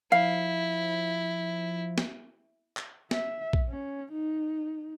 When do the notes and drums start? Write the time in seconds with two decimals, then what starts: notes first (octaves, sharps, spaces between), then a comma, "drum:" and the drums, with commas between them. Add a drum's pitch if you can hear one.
0.12 F3 E4 F5
1.98 drum: snare
2.77 drum: clap
3.11 E5, drum: snare
3.53 drum: kick
3.68 C#4
4.12 D#4